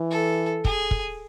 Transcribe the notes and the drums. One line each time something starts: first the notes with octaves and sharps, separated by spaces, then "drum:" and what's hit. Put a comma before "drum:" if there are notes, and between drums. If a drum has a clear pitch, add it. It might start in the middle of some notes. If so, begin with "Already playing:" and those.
Already playing: E3
A4
G#4, drum: kick
drum: kick